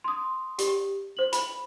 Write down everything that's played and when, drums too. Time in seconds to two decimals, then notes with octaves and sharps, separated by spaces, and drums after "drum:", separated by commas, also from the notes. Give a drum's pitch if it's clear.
0.04 C6 D#6
0.59 G4, drum: hi-hat
1.17 C5 F#7
1.33 B5, drum: hi-hat